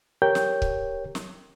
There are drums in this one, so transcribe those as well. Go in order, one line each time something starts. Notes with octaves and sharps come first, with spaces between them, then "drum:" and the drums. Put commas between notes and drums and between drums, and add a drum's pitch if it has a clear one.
G4 A#4 C#5 G5 G6
drum: snare
drum: kick C#1
drum: snare